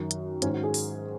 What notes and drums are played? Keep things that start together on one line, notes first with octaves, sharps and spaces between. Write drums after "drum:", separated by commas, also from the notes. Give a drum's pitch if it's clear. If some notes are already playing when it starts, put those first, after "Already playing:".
Already playing: F#2 D#3
drum: hi-hat
G#2 D#3 C#4, drum: hi-hat
F#4
G#4
drum: open hi-hat